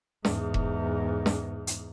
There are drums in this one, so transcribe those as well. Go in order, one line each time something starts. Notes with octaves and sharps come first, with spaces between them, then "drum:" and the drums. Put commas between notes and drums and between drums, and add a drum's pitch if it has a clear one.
E2 G#2, drum: snare
drum: kick E1
drum: snare
drum: hi-hat